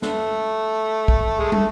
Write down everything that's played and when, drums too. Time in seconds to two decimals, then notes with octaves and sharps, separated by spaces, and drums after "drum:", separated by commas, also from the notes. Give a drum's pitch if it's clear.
0.02 D3 A3, drum: snare
1.08 drum: kick
1.39 G#3
1.52 A3, drum: tom